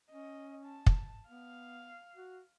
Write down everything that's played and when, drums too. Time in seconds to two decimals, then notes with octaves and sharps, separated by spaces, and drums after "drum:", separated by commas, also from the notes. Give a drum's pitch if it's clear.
0.11 C#4 D#5
0.66 A5
0.86 drum: kick
1.29 B3 F5
2.16 F#4